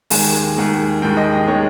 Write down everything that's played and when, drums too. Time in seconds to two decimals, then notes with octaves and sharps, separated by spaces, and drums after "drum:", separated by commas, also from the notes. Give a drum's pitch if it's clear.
0.10 D#2 D#3 G#3 G#5, drum: open hi-hat
0.57 D#2 D#3 G#3
1.02 D#2 D#3 G#3 G5
1.17 D#5
1.33 D#5
1.48 D#3 G#3 C#5